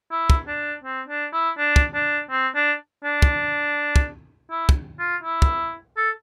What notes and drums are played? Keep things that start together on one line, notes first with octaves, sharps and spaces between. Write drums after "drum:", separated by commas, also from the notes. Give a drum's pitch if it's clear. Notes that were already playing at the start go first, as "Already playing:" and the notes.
E4
drum: kick
D4
C4
D4
E4
D4
drum: kick
D4
C4
D4
D4
drum: kick
drum: kick
E4
drum: kick
F4
E4
drum: kick
A4